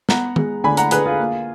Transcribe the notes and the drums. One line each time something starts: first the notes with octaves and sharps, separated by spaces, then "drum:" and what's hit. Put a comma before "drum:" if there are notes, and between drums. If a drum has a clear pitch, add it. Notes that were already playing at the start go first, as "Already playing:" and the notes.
B3 F#5 A#5, drum: snare
G#3, drum: tom D#3
D3 G#5 B5
F#5 A#5, drum: hi-hat
D3 G#4 B4, drum: hi-hat
F4 G#4
A#3